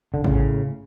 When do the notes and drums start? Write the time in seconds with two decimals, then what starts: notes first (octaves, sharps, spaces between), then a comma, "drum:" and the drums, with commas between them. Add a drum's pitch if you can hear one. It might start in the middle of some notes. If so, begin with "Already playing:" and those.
0.14 D3
0.24 A2 C#3, drum: kick A1